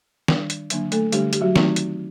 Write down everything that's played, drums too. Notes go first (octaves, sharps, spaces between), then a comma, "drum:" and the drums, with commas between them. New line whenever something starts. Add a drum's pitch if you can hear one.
D#3 G3 D4, drum: snare
drum: hi-hat
D3 F#3 A#3 D4, drum: hi-hat
A3 A4, drum: hi-hat
D3 G3 A3 D4 G4, drum: hi-hat
G4, drum: hi-hat
F#3 F#4
D#3 F#3 A3 C4 D#4, drum: snare
drum: hi-hat